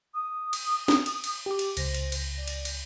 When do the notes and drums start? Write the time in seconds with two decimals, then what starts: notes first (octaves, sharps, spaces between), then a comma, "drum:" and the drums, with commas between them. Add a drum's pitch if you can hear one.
0.14 D#6
0.53 drum: cymbal
0.88 drum: snare
1.06 drum: cymbal
1.24 drum: cymbal
1.46 G4 D6
1.59 drum: cymbal
1.77 C#2 C5 A#6, drum: cymbal
1.94 drum: cymbal
2.12 drum: cymbal
2.37 D5
2.48 drum: cymbal
2.65 drum: cymbal